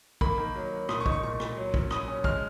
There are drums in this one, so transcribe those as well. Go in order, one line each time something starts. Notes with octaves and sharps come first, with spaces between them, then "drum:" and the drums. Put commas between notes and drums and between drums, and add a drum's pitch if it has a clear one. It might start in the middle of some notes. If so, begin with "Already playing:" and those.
A#3 B5, drum: kick
D#3
F#3
F#3
A#2 D#6, drum: rim click
C#6
D#4, drum: kick
C#6
A#2 C#6
A#2, drum: rim click
F#3
C#4, drum: kick
F#3 D#6, drum: rim click
C#4
G#3 F6, drum: kick